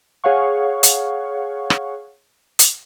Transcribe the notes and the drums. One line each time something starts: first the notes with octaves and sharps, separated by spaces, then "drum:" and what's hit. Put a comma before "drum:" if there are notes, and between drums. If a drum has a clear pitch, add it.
G#4 C#5 F5 F#5 C#6
drum: hi-hat
drum: rim click
drum: hi-hat